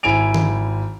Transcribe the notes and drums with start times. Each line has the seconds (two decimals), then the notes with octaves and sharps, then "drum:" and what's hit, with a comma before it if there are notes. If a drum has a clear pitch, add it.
0.03 G#1 E4 G#5 D7 F7
0.34 drum: tom